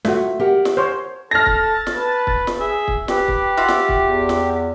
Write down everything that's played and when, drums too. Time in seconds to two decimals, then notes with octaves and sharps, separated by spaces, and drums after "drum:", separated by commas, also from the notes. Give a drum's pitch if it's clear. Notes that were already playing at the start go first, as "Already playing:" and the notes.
0.05 A3 F4 F#4 E5, drum: snare
0.39 G4 A#4 F#5
0.65 drum: snare
0.77 C5 C#5
1.31 A4 A5 F6 A#6
1.46 drum: kick
1.87 drum: snare
1.96 B4
2.27 drum: kick
2.47 drum: snare
2.60 G#4 E5
2.88 drum: kick
3.08 G4 B4, drum: snare
3.28 drum: kick
3.57 F4 F#4 E5
3.68 drum: snare
3.89 drum: kick
4.03 E2
4.29 drum: snare